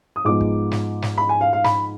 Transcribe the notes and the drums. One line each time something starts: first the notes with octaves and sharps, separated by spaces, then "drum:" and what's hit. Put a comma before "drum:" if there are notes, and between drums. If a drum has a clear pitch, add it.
D#6
G#2 F3 G#3 B3 D6
drum: kick
drum: snare
drum: snare
B5
G#5
F5
F5
B5, drum: snare